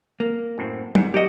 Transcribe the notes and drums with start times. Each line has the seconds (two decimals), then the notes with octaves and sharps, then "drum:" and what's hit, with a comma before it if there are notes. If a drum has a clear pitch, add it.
0.20 A#3
0.58 F#2 A2 C4
0.95 G#2 G3, drum: tom
1.14 F#4 G4 A#4 D5 D#5